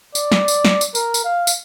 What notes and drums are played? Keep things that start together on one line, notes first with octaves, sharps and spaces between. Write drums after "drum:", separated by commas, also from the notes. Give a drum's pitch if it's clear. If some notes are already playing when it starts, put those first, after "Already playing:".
D5, drum: tambourine
drum: snare
drum: tambourine
drum: snare
drum: tambourine
A#4, drum: tambourine
drum: tambourine
F5
drum: tambourine